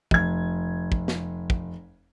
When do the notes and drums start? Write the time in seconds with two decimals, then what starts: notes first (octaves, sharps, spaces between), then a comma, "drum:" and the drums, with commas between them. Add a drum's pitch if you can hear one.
0.11 F1 G#6, drum: kick
0.92 drum: kick
1.08 drum: snare
1.50 drum: kick